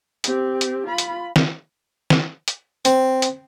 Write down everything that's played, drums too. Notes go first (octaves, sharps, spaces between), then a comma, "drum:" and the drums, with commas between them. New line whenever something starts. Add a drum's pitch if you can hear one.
C4 G4, drum: hi-hat
drum: hi-hat
F4 B5
drum: hi-hat
drum: snare
drum: snare
drum: hi-hat
C4, drum: hi-hat
drum: hi-hat